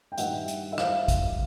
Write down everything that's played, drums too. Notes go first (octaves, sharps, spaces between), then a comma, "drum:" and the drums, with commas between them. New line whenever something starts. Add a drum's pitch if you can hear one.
G5
G2 D#3 G3 E5 F#5, drum: hi-hat
drum: hi-hat
E5
F5, drum: rim click
drum: kick A1, hi-hat